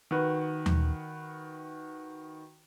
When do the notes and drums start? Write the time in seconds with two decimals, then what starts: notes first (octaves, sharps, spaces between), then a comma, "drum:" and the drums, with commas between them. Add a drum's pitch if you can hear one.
0.11 D#3 F#4 B4
0.66 drum: tom D#2